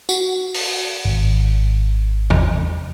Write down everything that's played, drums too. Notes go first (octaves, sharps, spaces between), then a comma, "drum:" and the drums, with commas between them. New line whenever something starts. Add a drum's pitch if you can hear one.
F#4, drum: tambourine
drum: open hi-hat
G#1
drum: tom E2